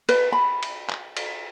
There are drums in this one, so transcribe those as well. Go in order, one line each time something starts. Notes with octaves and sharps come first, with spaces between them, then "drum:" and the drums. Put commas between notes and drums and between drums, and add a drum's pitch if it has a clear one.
B4, drum: cymbal
B5
drum: cymbal
drum: clap
drum: cymbal